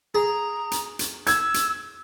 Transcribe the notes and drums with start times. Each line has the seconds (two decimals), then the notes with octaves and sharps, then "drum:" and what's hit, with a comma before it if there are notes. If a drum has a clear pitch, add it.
0.15 G#4 A#5
0.71 drum: hi-hat
0.99 drum: hi-hat
1.27 E6 G#6, drum: hi-hat
1.54 drum: hi-hat